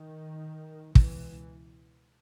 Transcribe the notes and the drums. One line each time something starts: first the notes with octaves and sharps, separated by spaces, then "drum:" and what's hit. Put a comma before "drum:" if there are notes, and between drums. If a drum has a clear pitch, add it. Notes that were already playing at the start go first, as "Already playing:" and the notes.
Already playing: D#3
C#2 B2 E3, drum: kick